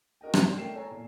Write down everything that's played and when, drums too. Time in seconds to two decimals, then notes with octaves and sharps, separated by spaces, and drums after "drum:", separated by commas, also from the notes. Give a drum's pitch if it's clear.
0.21 F#4 A#4 D#5 G5
0.34 G2 F#3 A#3 C4 C#4 D#4, drum: rim click
0.46 D5
0.57 A3 A#4 G5 C7 E7
0.75 A4 C#5 G#5 A#5
0.91 A#2